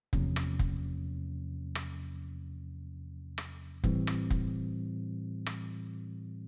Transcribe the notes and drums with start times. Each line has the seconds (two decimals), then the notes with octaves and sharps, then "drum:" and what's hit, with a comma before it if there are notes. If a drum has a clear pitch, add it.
0.13 E2 C3 F3 A#3 C#4, drum: kick
0.36 drum: rim click
0.59 drum: kick
1.75 drum: rim click
3.38 drum: rim click
3.84 A2 E3 G3 C4, drum: kick
4.07 drum: rim click
4.30 drum: kick
5.46 drum: rim click